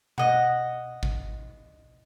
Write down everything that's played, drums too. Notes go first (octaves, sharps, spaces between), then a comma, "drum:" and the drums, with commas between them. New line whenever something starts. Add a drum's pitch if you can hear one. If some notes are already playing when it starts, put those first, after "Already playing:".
D#5 F#5, drum: tom B2
drum: kick